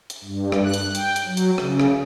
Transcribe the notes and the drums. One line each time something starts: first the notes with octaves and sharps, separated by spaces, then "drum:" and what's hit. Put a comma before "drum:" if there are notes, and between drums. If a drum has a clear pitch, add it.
drum: hi-hat
G2
drum: rim click
F#6
drum: hi-hat
G5, drum: hi-hat
drum: hi-hat
F#3
drum: hi-hat
C#3, drum: rim click
drum: rim click